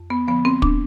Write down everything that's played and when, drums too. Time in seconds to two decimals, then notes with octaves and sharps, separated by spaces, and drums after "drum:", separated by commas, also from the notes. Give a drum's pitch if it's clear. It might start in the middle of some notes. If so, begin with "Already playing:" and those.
Already playing: F2
0.10 B3
0.28 D3 F3 B3
0.45 C4
0.62 D4, drum: kick